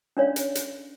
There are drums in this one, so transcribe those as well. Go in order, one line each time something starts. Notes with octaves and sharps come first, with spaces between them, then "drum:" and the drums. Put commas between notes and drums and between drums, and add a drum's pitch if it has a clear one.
C#4 D4 C#5 D5 F5
drum: hi-hat
drum: hi-hat